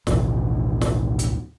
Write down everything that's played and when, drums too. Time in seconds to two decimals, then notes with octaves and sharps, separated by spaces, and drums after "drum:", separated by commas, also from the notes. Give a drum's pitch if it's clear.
0.07 A1 D2 B2 F3, drum: snare
0.81 drum: snare
1.19 drum: hi-hat